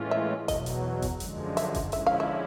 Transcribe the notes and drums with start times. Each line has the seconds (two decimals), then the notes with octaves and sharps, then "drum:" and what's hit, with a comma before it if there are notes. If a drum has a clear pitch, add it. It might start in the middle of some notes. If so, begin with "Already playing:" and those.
Already playing: A2 E3 G#3 C#4 F4
0.11 E5
0.48 E2 B2 F#3 D#5, drum: kick G1, hi-hat
0.66 drum: hi-hat
1.02 drum: kick G1, hi-hat
1.20 F#2 D3 F3 G#3, drum: hi-hat
1.57 E5, drum: hi-hat
1.75 drum: kick G1, hi-hat
1.92 D3 F3 G#3 C#4 E4 E5, drum: hi-hat
2.07 F5
2.20 E5